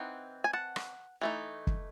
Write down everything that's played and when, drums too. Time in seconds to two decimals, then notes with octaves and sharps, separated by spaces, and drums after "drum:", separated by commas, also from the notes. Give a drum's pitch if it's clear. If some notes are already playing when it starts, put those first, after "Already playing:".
Already playing: E3 C4 D#4 F#5
0.44 G#5
0.53 F#5 A5
0.76 drum: rim click
1.21 E3 A3 D#4
1.67 drum: kick